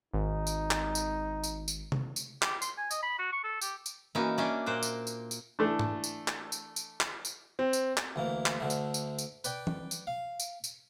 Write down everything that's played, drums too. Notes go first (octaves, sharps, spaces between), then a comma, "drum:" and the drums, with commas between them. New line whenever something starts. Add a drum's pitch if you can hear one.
G#1 D#4
drum: tambourine
drum: clap
drum: tambourine
drum: tambourine
drum: tambourine
drum: tom C3
drum: tambourine
G4, drum: clap
C6, drum: tambourine
G#5
D#5, drum: tambourine
B5
F#4
C#6
A4
G4, drum: tambourine
drum: tambourine
E3 A#3 C#4 D#4 F#4
A#3 C#4 D4 D5 E5
A#2 A#3 C5 F#6
drum: tambourine
drum: tambourine
drum: tambourine
E3 A3 D4
drum: tom G#2
drum: tambourine
drum: clap
drum: tambourine
drum: tambourine
drum: clap
drum: tambourine
C4
drum: tambourine
drum: clap
D2 E3 A#3
drum: clap
D2 D3 A3
drum: tambourine
drum: tambourine
drum: tambourine
B4 D5 G5, drum: tambourine
drum: tom E3
drum: tambourine
F5
drum: tambourine
drum: tambourine